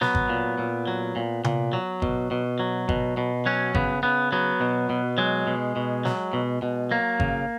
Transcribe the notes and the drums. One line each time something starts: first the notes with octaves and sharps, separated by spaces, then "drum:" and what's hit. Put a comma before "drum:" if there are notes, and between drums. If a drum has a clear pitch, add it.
F#3 B3, drum: snare
drum: kick G#1
A#2
A#2
F#3
A#2
A#2, drum: tom C3
F#3
B2, drum: kick G#1
B2
F#3
B2, drum: kick G#1
B2
F#3 C#4
C#3 B3, drum: kick G#1
C#3 B3
F#3 B3
B2
B2
F#3 G#3
B2
B2
F#3, drum: snare
B2
B2
F#3 A#3
C#3, drum: kick G#1